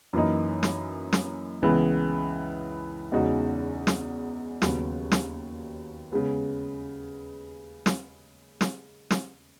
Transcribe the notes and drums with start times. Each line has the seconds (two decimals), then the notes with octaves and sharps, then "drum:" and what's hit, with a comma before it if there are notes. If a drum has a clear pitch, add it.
0.13 F#2 E3 A#3 D#4
0.63 drum: snare
1.13 drum: snare
1.62 C#2 C#3 E3 B3
3.12 E2 C#3 G#3 D#4 F#4
3.87 drum: snare
4.62 D#2 C#3 F#3 B3, drum: snare
5.12 drum: snare
6.11 C#3 G#3 B3
7.86 drum: snare
8.61 drum: snare
9.11 drum: snare